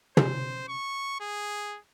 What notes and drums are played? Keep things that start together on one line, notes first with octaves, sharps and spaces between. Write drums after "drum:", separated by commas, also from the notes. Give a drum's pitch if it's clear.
C5, drum: tom
C#6
G#4